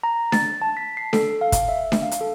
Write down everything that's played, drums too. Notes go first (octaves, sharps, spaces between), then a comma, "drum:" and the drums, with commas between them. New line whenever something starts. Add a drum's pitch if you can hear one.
A#5
A6, drum: snare D4
A5
B6
C7
A4, drum: snare D4
F5
drum: kick, hi-hat
E5
drum: snare D4
F5
drum: hi-hat
A4